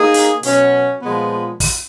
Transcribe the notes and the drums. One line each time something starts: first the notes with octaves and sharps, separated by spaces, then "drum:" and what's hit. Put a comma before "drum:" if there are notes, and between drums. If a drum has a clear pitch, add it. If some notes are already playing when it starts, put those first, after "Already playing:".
Already playing: A#3 D#4 G#4
drum: hi-hat
B2 F#3 C#4, drum: hi-hat
A#2 F3 G#3 B3
drum: kick, open hi-hat